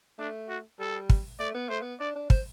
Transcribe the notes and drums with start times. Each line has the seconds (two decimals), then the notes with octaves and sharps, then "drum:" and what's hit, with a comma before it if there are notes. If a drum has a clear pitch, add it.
0.18 A3 D4
0.49 F#4
0.79 G3 A4
1.10 drum: kick
1.39 A3 D5
1.54 B3
1.69 A3 C5
1.82 B3
2.00 D4 D5
2.15 D4
2.30 C5, drum: kick